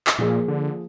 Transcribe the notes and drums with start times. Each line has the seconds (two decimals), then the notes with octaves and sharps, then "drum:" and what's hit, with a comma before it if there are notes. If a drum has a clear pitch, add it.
0.07 drum: clap
0.19 A#2 F3 A#3 F4 G#4
0.48 D3